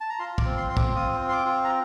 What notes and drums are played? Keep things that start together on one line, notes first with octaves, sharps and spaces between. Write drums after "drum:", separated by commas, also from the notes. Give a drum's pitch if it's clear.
A5
A#5
F4 C6
D6, drum: kick
C4
C6
C4 C6
D6, drum: kick
F4 D#6
C4
C6
D6
F4
A#5